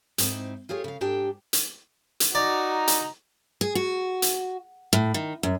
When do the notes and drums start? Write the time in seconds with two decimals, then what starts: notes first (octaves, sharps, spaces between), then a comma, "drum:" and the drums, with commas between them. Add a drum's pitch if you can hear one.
0.18 G#2 C4 D#4 E4, drum: hi-hat
0.69 F4 G4 G#4 C#5
0.84 C#3 F5
1.01 G#2 D4 G4 G5
1.53 drum: hi-hat
2.20 drum: hi-hat
2.35 D#4 F#4 D5 A#5
2.88 drum: hi-hat
3.61 G#4
3.75 F#4
4.22 drum: hi-hat
4.93 A2
5.14 D#3
5.43 F#2